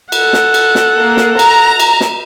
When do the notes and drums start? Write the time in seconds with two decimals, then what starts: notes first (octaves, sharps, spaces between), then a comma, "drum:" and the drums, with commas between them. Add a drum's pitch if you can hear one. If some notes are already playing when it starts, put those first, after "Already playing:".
0.12 A4 F#5, drum: cymbal
0.33 drum: snare
0.54 drum: cymbal
0.75 drum: snare
1.00 A#3
1.17 drum: snare
1.39 A#5, drum: cymbal
1.80 drum: cymbal
2.01 drum: snare